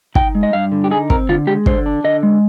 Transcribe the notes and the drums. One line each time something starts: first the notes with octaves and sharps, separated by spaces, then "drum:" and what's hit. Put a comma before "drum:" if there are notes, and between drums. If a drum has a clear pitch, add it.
D#4 G5, drum: kick
G#3
D#5
G2 F5
D3
G4
D#4 G#4
C4 A#4, drum: kick
D3 F4
G#3 G4
D3 C5, drum: kick
D4
D3 D#5
G#3